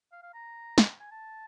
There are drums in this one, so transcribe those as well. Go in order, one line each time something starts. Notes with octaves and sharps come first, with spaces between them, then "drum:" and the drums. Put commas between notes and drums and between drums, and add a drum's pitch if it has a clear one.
F5
F5
A#5
drum: snare
G#5
A5